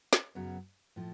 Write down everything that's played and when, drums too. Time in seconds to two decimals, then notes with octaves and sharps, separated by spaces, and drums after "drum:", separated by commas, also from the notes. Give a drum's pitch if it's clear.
0.13 drum: snare
0.35 F#2 C#3 F#3 B3
0.96 A2 F3